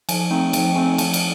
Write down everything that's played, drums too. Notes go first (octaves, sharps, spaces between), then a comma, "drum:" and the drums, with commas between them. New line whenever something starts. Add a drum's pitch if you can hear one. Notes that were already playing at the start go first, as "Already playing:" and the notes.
F3 G#5, drum: cymbal
A3 C4 D#4 G5
F3 G5, drum: cymbal
A3 C4 D#4 G#5
F3 A5, drum: cymbal
drum: cymbal